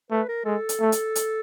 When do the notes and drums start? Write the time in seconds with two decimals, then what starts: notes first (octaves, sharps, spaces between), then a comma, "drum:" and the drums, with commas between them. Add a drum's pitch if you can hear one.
0.11 A3 B4
0.29 A#4
0.45 G#3 A4
0.69 drum: hi-hat
0.81 A3
0.92 drum: hi-hat
1.15 drum: hi-hat